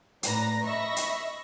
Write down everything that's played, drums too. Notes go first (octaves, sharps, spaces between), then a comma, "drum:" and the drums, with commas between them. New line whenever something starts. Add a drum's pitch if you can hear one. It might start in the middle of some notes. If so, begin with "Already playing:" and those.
A2 B4 D5 A#5 A#6, drum: hi-hat
D#5 E5 B5 C#6 E6 A#6
drum: hi-hat